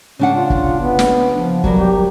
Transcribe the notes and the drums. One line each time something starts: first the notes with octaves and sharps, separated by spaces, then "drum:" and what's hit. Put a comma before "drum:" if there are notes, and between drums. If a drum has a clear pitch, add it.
C#3 C#4 D4 F#5
F4
drum: kick
B3
drum: snare
F3
F#3 G3 A#4, drum: kick
G4